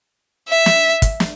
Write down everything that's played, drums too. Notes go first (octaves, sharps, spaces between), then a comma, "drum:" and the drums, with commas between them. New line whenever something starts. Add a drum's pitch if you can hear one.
E5
drum: snare
drum: kick, hi-hat
drum: snare